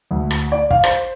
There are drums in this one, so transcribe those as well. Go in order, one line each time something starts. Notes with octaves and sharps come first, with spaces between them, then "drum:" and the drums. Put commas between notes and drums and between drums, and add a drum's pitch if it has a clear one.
D2
drum: rim click
D5
F5, drum: kick
C5, drum: rim click